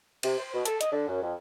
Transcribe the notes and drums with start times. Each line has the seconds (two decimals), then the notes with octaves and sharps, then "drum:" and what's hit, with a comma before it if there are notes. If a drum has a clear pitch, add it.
0.23 C3, drum: cymbal
0.38 C5
0.53 B2
0.65 A4, drum: hi-hat
0.81 D#5, drum: hi-hat
0.92 D3
1.08 F#2
1.22 F2